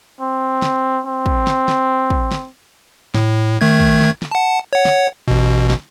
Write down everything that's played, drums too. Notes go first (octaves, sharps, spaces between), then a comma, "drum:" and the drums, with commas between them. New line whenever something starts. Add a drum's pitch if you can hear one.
C4
drum: snare
C4
drum: kick
drum: snare
drum: snare
drum: kick
drum: snare
A2, drum: snare
D#3 A3 G#6
drum: kick
drum: snare
drum: snare
F#5 A5
C#5 F#5
drum: snare
A1 B2
drum: snare